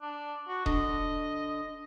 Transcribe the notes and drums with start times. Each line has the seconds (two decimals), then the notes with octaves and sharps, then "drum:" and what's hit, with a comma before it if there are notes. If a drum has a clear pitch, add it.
0.02 D4
0.48 F#4
0.66 D3 D#5, drum: kick D#1